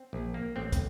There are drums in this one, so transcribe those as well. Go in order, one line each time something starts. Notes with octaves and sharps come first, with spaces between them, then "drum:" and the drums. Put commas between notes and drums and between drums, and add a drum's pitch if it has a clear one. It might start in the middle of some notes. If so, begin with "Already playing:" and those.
Already playing: C4
A#1
A#3
A1 C4
drum: kick, hi-hat